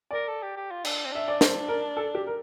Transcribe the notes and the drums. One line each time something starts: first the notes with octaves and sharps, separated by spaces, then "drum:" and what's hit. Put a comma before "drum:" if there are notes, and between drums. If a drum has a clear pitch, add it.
A#4 D5
A4
G4
G4
F4
D4, drum: cymbal
C4
D4 E5
D5
C5, drum: snare
A#4
A4
G4
A#4